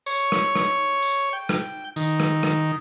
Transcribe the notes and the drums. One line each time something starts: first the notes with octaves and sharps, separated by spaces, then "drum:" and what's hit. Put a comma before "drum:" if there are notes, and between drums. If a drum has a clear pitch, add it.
C#5, drum: tambourine
drum: rim click
drum: rim click
drum: tambourine
G5
drum: rim click
D#3, drum: tambourine
drum: rim click
drum: rim click